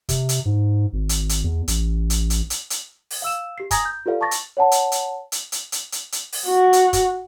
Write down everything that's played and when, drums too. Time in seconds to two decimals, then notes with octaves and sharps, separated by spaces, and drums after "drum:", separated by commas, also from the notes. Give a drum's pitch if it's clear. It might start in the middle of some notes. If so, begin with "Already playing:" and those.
0.09 C3, drum: kick, hi-hat
0.29 drum: hi-hat
0.45 G#2
0.93 G#1
1.09 drum: hi-hat
1.29 drum: hi-hat
1.44 E2
1.68 A1, drum: hi-hat
2.10 drum: hi-hat
2.30 drum: hi-hat
2.50 drum: hi-hat
2.70 drum: hi-hat
3.10 drum: open hi-hat
3.22 F5 E6 E7
3.58 G4 C7
3.71 G#5 A#5 D#6 G#6 A#6, drum: kick, hi-hat
3.85 G6
4.06 F4 G4 A4 B4 D5 F5
4.21 A5 C#6 D6 A6 A#6
4.31 drum: hi-hat
4.57 C#5 F#5 A5
4.71 drum: hi-hat
4.92 drum: hi-hat
5.32 drum: hi-hat
5.52 drum: hi-hat
5.72 drum: hi-hat
5.92 drum: hi-hat
6.12 drum: hi-hat
6.32 drum: open hi-hat
6.47 F#4
6.73 drum: hi-hat
6.93 drum: kick, hi-hat